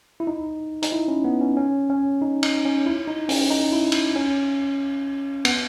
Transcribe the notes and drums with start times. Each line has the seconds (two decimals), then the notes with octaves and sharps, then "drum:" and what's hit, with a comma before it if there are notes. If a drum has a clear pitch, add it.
0.20 E4
0.27 D#4
0.83 D#4, drum: hi-hat
0.92 E4
1.08 C#4
1.24 B3
1.41 C#4
1.57 C#4
1.90 C#4
2.22 D#4
2.43 D#4, drum: cymbal
2.65 C#4
2.86 E4
3.08 D#4
3.29 C#4, drum: open hi-hat
3.50 D#4
3.72 E4
3.92 drum: cymbal
4.16 C#4
5.45 B3, drum: cymbal